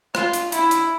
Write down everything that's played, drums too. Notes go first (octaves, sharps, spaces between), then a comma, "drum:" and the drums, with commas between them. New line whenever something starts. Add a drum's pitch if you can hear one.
F4, drum: rim click
drum: hi-hat
E4, drum: hi-hat
drum: hi-hat